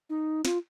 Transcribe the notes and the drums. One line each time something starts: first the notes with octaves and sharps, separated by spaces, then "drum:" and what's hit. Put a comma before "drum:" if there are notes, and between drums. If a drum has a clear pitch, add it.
D#4
F4, drum: snare